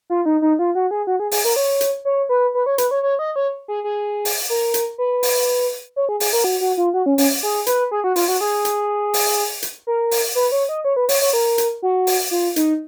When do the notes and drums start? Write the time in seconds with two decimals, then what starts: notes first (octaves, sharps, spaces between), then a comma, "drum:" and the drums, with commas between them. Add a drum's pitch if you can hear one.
0.10 F4
0.26 D#4
0.42 D#4
0.59 F4
0.75 F#4
0.91 G#4
1.07 F#4
1.20 G#4
1.32 G#4, drum: open hi-hat
1.45 A#4
1.56 C#5
1.81 drum: hi-hat
2.05 C#5
2.29 B4
2.54 B4
2.66 C#5
2.78 B4, drum: hi-hat
2.91 C#5
3.03 C#5
3.19 D#5
3.36 C#5
3.68 G#4
3.84 G#4
4.25 drum: open hi-hat
4.50 A#4
4.74 drum: hi-hat
4.98 B4
5.23 drum: open hi-hat
5.96 C#5
6.09 G#4
6.20 G#4, drum: open hi-hat
6.33 A#4
6.44 F#4
6.61 F#4
6.77 F4
6.94 F#4
7.06 C#4
7.18 C#4, drum: open hi-hat
7.43 G#4
7.67 B4, drum: hi-hat
7.91 G#4
8.04 F#4
8.16 F4, drum: open hi-hat
8.28 F#4
8.41 G#4
8.65 drum: hi-hat
9.14 drum: open hi-hat
9.62 drum: hi-hat
9.87 A#4
10.11 drum: open hi-hat
10.35 B4
10.52 C#5
10.69 D#5
10.85 C#5
10.96 B4
11.09 C#5, drum: open hi-hat
11.21 C#5
11.33 A#4
11.58 drum: hi-hat
11.82 F#4
12.07 drum: open hi-hat
12.31 F4
12.56 D#4, drum: hi-hat